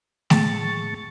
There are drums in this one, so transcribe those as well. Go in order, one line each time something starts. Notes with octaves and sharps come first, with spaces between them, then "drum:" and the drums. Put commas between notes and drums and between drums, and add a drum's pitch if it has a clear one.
A2 G#3 A5 C#6 A6, drum: snare